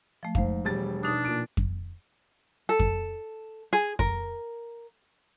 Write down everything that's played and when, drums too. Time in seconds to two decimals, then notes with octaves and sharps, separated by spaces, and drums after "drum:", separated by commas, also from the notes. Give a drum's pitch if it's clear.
0.23 F3 A3
0.35 G#2 C5 F5, drum: kick F2
0.65 E1 G3 A6
1.03 B2 D4 D#4 D#6
1.25 A#2 D7
1.57 drum: kick F2
2.69 A4
2.79 drum: kick F2
3.73 G#4
3.99 A#4, drum: kick F2